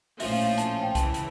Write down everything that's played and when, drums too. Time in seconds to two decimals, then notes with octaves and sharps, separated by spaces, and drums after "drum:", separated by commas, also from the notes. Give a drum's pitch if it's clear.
0.20 A#1 A2 F3 C#4 F4 E5, drum: open hi-hat
0.32 F5
0.44 F5
0.58 A5, drum: hi-hat
0.83 G5
0.95 C#2 C#3 E3 A5, drum: kick C2, hi-hat
1.14 drum: hi-hat